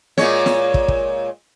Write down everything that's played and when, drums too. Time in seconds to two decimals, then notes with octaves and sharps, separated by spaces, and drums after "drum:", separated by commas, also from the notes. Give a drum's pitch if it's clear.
0.18 A#2 G#3 C#5, drum: snare
0.46 drum: snare
0.74 drum: kick
0.88 drum: kick